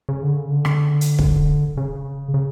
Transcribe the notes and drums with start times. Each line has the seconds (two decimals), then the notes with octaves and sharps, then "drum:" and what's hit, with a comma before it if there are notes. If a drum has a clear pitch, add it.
0.09 C#3
0.23 D3
0.36 C#3
0.51 D3
0.65 drum: rim click
1.01 drum: hi-hat
1.19 drum: kick
1.77 C#3
2.34 C#3